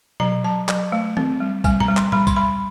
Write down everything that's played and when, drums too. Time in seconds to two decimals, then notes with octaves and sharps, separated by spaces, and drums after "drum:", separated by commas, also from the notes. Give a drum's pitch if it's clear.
0.20 F#3 A#5, drum: tom B2
0.44 F#3 A5
0.69 F#3, drum: clap
0.92 A3
1.17 C4, drum: tom D#3
1.40 G3
1.64 G3 G#5, drum: kick, tambourine
1.80 A#5, drum: tom A2
1.88 G3
1.97 C6, drum: clap
2.12 G3 B5, drum: tom A2
2.27 C6, drum: kick, tambourine
2.36 G3 B5